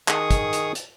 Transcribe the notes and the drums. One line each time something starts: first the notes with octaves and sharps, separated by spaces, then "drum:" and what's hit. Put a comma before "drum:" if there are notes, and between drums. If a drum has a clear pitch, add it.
D#3 G#4 C#6 D#6, drum: clap
drum: kick, hi-hat
drum: hi-hat
drum: hi-hat